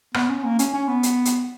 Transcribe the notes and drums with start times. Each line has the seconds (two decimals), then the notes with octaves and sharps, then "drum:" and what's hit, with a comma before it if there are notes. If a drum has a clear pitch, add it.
0.14 B3, drum: rim click
0.29 C#4
0.44 A#3
0.59 C#4, drum: hi-hat
0.74 C#4
0.88 B3
1.03 drum: hi-hat
1.25 drum: hi-hat